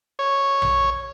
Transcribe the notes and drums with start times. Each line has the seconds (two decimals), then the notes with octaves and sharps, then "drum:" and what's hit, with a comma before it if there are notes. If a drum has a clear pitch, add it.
0.19 C#5
0.62 drum: tom A#1